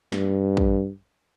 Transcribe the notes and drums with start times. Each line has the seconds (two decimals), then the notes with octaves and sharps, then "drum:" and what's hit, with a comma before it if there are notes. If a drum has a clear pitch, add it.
0.12 G2, drum: snare
0.57 drum: kick